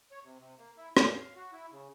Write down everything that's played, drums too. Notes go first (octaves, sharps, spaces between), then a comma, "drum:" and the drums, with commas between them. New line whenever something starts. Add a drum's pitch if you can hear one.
C#5
C3
C3
A#3
E4
C#4, drum: rim click
F5
F#4
E4
C#3